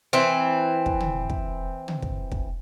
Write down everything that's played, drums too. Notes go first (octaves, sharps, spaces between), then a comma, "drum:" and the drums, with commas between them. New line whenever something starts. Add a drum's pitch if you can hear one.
E3 C4
drum: kick
drum: tom
drum: kick
drum: tom
drum: kick
drum: kick